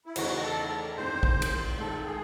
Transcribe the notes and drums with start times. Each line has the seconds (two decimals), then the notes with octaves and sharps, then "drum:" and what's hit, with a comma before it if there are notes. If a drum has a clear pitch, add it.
0.06 E4
0.16 E2 C#3 E3 A3 D#4 F#4, drum: cymbal
0.43 A4
0.97 E2 D#3 G#3 C4 C5
1.23 drum: kick
1.42 drum: cymbal
1.79 G#2 D#3 G#3 A4
2.06 G#4